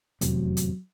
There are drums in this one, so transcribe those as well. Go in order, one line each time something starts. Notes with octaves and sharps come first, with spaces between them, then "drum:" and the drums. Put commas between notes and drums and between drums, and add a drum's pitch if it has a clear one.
F1 E2 A2 C3 F#3, drum: hi-hat
drum: hi-hat